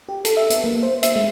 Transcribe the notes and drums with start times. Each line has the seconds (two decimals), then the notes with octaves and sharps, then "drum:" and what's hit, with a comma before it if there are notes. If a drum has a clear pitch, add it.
0.09 G4
0.25 A4, drum: hi-hat
0.37 E5
0.50 B3, drum: hi-hat
0.64 A#3
0.83 C5
1.03 E5, drum: hi-hat
1.16 G#3